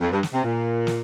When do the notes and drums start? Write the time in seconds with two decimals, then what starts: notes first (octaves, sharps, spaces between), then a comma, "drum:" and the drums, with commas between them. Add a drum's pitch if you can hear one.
0.01 F2
0.12 G2
0.23 drum: snare
0.34 C3
0.44 A#2
0.87 drum: snare